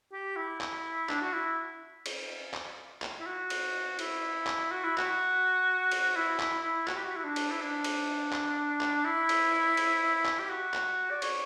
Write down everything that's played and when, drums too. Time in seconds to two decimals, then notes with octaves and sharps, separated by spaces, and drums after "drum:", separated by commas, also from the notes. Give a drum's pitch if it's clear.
0.13 G4
0.36 E4
0.61 drum: clap
1.09 D4, drum: clap
1.22 F#4
1.34 E4
2.06 drum: cymbal
2.54 drum: clap
3.02 drum: clap
3.20 E4
3.26 F#4
3.50 drum: cymbal
3.99 E4, drum: cymbal
4.47 drum: clap
4.71 F#4
4.84 E4
4.98 F#4, drum: clap
5.92 drum: cymbal
6.16 E4
6.40 E4, drum: clap
6.63 E4
6.88 F#4, drum: clap
6.96 G4
7.04 F#4
7.16 E4
7.24 D4
7.36 drum: cymbal
7.51 E4
7.61 D4
7.84 drum: cymbal
8.33 drum: clap
8.81 drum: clap
9.05 E4
9.29 drum: cymbal
9.77 drum: cymbal
10.26 drum: clap
10.39 G4
10.50 F#4
10.74 drum: clap
11.11 D5
11.22 C#5, drum: cymbal